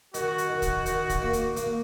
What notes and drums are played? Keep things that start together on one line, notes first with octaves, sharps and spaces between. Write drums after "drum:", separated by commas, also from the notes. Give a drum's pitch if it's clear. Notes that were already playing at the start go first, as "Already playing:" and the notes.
D#3 F#4, drum: hi-hat
drum: hi-hat
D#3
drum: kick, hi-hat
D#3, drum: hi-hat
drum: kick, hi-hat
A#3
drum: hi-hat
A#3, drum: hi-hat